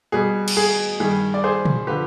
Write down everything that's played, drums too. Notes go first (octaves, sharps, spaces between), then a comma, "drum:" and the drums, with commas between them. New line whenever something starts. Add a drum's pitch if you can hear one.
B2 G3 G#4
drum: cymbal
G#4
G2 D#3 G3 G#4
D5
G#4 C5
drum: tom
D3 F3 G4 B4